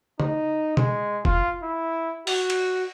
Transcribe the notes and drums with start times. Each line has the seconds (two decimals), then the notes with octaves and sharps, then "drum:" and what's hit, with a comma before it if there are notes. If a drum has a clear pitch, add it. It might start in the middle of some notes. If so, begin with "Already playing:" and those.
0.20 D#4, drum: tom C#3
0.77 G#3, drum: tom B2
1.25 F4, drum: kick F1
1.63 E4
2.27 F#4, drum: open hi-hat
2.50 drum: cymbal